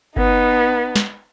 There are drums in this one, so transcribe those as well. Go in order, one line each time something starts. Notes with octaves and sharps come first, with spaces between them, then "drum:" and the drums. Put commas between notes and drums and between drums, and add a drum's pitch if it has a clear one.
B3 D#4, drum: kick G1
drum: snare